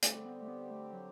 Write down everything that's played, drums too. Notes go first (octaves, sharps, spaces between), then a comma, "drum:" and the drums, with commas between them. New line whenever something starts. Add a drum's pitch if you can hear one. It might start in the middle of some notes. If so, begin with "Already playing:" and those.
D3 G3 A3 C4 G4, drum: hi-hat
B3
A3
B3
A3
F#3